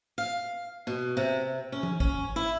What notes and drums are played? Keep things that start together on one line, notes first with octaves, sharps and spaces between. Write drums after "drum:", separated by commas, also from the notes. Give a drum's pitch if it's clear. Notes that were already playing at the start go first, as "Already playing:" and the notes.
F5
B2
C3
C#4
drum: tom E3
C#4, drum: kick
E4